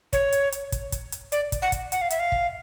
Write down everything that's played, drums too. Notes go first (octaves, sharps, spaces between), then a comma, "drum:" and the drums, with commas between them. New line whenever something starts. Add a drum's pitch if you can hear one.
C#5, drum: kick, hi-hat
drum: hi-hat
drum: hi-hat
drum: kick, hi-hat
drum: kick, hi-hat
drum: hi-hat
D5, drum: hi-hat
drum: kick, hi-hat
F#5
drum: kick, hi-hat
F#5, drum: hi-hat
F5
E5, drum: hi-hat
F5
drum: kick